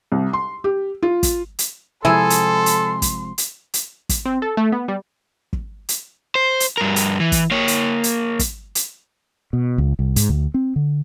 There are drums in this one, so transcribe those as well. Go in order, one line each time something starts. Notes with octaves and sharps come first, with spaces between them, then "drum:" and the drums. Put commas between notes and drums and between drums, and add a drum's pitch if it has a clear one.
C2
C6
G4
F4
drum: kick, hi-hat
drum: hi-hat
C3 F3 G#3 E4 G#4 A4 C6
drum: hi-hat
drum: hi-hat
drum: kick, hi-hat
drum: hi-hat
drum: hi-hat
drum: kick, hi-hat
C4
A4
A3
B3
G3
drum: kick
drum: hi-hat
C5
drum: hi-hat
G2 A#4
drum: hi-hat
E3
drum: kick, hi-hat
A#3 C#5
drum: hi-hat
drum: hi-hat
drum: kick, hi-hat
drum: hi-hat
B2
C#2
C2
G#2, drum: hi-hat
D2
C4
D3